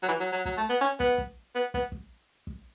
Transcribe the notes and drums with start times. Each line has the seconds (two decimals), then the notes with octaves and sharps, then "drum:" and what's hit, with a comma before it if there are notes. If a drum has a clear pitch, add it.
0.03 F#3
0.08 E3
0.20 F#3
0.32 F#3
0.45 F#3, drum: kick
0.58 A3
0.69 B3
0.81 C#4
1.00 B3, drum: kick
1.18 drum: kick
1.55 B3
1.74 B3, drum: kick
1.92 drum: kick
2.47 drum: kick